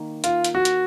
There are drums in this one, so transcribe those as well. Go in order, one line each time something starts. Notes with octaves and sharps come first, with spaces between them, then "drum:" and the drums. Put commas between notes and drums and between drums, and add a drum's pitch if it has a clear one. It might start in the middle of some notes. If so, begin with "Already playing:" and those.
Already playing: D#3 A#3 D#4
F4, drum: hi-hat
drum: hi-hat
F#4
drum: hi-hat